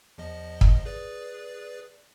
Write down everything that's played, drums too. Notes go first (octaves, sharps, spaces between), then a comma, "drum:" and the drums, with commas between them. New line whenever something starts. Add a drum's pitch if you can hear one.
E2 F3 D#5
drum: kick
G#4 B4 D5